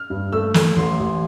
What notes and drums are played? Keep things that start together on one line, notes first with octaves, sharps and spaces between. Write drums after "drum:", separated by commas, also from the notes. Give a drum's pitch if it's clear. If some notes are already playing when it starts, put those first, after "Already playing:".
Already playing: F6
G2
A3 E6
A3, drum: snare
A1 C6
A1